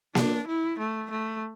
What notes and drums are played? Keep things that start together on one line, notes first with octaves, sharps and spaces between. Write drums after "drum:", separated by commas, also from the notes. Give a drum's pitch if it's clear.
D4, drum: snare A#3
E4
A3
A3